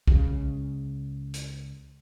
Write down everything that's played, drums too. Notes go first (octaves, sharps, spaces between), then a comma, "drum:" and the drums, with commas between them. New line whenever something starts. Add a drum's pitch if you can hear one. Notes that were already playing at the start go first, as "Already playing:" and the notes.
C#2 C#3, drum: kick B1
drum: hi-hat